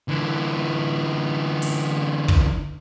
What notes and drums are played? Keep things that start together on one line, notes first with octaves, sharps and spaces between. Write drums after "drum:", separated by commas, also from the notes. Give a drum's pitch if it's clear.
D3 E3
drum: open hi-hat
drum: kick